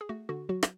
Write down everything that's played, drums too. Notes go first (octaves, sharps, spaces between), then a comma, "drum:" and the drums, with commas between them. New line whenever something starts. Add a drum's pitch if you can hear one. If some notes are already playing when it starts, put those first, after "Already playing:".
G#4
A3 F#4
D3 F#4
F#3 F#4
drum: rim click